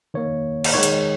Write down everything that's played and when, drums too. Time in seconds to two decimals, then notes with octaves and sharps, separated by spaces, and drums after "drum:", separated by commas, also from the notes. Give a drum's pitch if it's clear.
0.14 D#3 A#3 C#5
0.64 drum: cymbal
0.74 D#3 G#3 C#5
0.83 drum: hi-hat